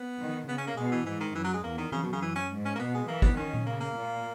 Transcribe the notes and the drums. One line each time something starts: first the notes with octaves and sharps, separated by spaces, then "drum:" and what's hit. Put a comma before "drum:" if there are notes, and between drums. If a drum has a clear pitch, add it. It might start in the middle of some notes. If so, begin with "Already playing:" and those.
Already playing: B3
D#3
C#3 B3
C#4
A#3
B2 G#3
E3
G#2 E3
D#3
F#2 E3
F#3
G#3
E2 A#3
D#3
F#2 C#3, drum: tom E3
B2
C#3
E3
C#4
G#2
C#4
A#3
B2 B3
G#3
E3 A#3
B3, drum: kick
D#3 C#4
drum: tom A#2
C#3 A#3
A#3
A#2